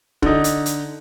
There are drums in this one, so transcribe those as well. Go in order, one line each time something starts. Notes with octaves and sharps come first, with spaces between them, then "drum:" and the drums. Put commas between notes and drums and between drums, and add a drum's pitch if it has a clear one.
D3 D#4, drum: kick
drum: hi-hat
drum: hi-hat